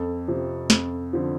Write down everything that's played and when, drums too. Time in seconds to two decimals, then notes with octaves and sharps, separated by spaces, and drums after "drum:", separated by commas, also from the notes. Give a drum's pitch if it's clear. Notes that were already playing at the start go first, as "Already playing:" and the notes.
Already playing: F2 A4
0.28 C3 F3
0.70 F2, drum: snare
1.13 D3 F3